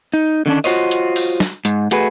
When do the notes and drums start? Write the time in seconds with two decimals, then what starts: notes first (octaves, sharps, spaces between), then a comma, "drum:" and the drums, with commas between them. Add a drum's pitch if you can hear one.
0.14 D#4
0.46 D3 D#3 C#4 D4
0.64 F4 F#4 C5 C#5 D#5, drum: open hi-hat
0.91 drum: hi-hat
1.16 drum: open hi-hat
1.40 drum: snare
1.65 G#2, drum: hi-hat
1.91 A3 F#4 G#4 B4, drum: hi-hat